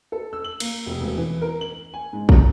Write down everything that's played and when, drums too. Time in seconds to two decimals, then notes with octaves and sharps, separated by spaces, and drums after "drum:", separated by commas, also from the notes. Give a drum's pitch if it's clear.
0.12 A4
0.33 E6
0.44 F#7
0.60 A#3, drum: cymbal
0.86 F1
1.00 E1
1.18 E3
1.41 A#4
1.61 F#7
1.94 G#5
2.13 G#2
2.29 A#5, drum: kick